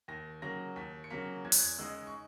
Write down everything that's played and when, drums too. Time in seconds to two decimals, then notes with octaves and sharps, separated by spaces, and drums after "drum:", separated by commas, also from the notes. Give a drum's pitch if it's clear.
0.08 D#2 A#6
0.42 C#3 F#3 A#3 A#6
0.76 D#2 B6
1.04 C#7
1.10 C#3 F#3 A#3 B6
1.44 E2 G#6
1.52 F#6, drum: open hi-hat
1.60 G#6
1.78 C#3 G#3 D#4 E6
2.07 C#6